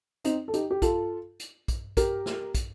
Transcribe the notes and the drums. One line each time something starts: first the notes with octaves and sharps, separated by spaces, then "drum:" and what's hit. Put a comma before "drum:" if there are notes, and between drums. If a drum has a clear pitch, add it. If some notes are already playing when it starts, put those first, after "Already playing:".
C4 D#4, drum: hi-hat
A4
D#4 G4, drum: hi-hat
G4
F4 A4, drum: kick, hi-hat
drum: hi-hat
drum: kick, hi-hat
G4 A#4, drum: kick, hi-hat
drum: snare
drum: kick, hi-hat